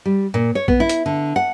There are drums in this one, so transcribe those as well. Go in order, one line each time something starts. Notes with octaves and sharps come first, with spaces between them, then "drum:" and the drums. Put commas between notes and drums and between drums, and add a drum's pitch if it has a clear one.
G3
A#2
C#5
B3, drum: kick A#1
E4
drum: hi-hat
D3
F#5